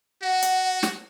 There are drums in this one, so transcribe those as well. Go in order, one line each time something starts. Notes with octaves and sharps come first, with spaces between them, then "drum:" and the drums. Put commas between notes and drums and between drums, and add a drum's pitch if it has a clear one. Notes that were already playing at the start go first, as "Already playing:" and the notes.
F#4 F#5
drum: hi-hat
drum: snare